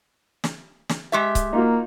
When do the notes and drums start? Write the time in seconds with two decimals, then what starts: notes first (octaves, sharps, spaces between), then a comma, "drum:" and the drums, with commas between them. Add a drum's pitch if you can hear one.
0.44 drum: snare
0.89 drum: snare
1.12 G#3 G4 E5
1.35 drum: kick C#1, hi-hat
1.53 A#3 D#4 F4 F#4